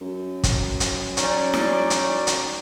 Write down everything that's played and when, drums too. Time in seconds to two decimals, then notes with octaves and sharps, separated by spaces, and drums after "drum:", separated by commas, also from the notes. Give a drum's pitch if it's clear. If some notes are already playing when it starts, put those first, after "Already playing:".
0.01 F#2
0.44 drum: kick, hi-hat
0.80 drum: hi-hat
1.17 C#4 D#4 D5, drum: hi-hat
1.54 drum: snare E4
1.90 drum: hi-hat
2.27 drum: hi-hat